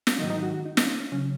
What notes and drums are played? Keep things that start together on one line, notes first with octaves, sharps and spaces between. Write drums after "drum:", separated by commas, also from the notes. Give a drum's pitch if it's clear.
drum: snare
G#2 D#3 F#3 D#4
D#4
F#4
F#4
D#4
D#4, drum: snare
C#4
C#4
C#3 F#3 C#4